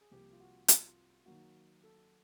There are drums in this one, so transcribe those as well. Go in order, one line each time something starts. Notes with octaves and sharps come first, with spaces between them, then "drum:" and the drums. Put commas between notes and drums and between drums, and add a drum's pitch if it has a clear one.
G#4
C2 C3 F3 A#3 G4
F4
F#4
F4, drum: hi-hat
D#3 F#3 A#3 F#4
A4